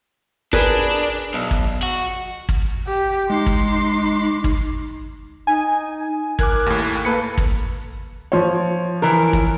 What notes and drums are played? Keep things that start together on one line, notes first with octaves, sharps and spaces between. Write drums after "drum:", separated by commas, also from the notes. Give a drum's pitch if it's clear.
D4 G#4 A#4 B4, drum: kick
B1
drum: kick
F#4
drum: kick
G4
G#3 D#4 C6 D6 C7
drum: kick
drum: kick
D#4 G#5
A#4 D6 F#6 G#6, drum: kick
D#2 A2
A#3 A4 B4 C#7
drum: kick
F3 C#5
E3 A#4
drum: kick